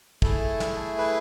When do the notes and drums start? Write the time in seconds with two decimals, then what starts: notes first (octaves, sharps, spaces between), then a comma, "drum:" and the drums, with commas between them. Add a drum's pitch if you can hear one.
0.22 A3 E4 G#4 A4, drum: kick
0.60 drum: snare
0.98 B4